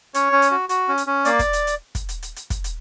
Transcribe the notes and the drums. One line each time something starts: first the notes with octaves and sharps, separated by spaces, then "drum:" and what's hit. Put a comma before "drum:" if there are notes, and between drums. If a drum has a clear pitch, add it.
C#4 C#5, drum: hi-hat
C#4
drum: hi-hat
F#4
F#4, drum: hi-hat
C#4
drum: hi-hat
C#4
A#3 D5, drum: hi-hat
drum: kick, hi-hat
drum: hi-hat
drum: hi-hat
drum: kick, hi-hat
drum: hi-hat
drum: hi-hat
drum: hi-hat
drum: kick, hi-hat
drum: hi-hat